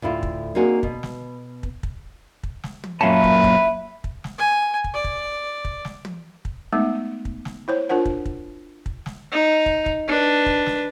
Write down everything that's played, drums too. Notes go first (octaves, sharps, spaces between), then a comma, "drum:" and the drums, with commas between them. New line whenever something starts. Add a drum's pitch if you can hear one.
D2 A2 E4 F4
drum: kick
A#3 C4 D4 D#4 F#4 G#4
B2, drum: kick
drum: snare
drum: kick
drum: kick
drum: kick
drum: snare
drum: tom
F#2 A#2 A#3 C#4 B4 E5 F5 A5
drum: kick
drum: kick
drum: kick
drum: snare
G#5
drum: kick
D5
drum: kick
drum: kick
drum: snare
drum: tom
drum: kick
G#3 A3 B3 D#4
drum: kick
drum: snare
E4 C5 C#5
D4 F4 A#4 C5 F#5
drum: kick
drum: kick
drum: kick
drum: snare
D#4
drum: kick
drum: kick
D4 B4
drum: kick
drum: snare